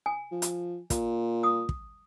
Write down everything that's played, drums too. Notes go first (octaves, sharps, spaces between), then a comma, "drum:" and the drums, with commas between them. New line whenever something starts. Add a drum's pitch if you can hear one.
G#5
F3
drum: hi-hat
A#2, drum: kick, hi-hat
D#6
drum: kick